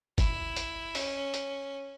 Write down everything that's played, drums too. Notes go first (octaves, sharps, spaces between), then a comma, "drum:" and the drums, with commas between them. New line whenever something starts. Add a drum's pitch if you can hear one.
E4, drum: kick F#1, hi-hat
drum: hi-hat
C#4, drum: open hi-hat
drum: hi-hat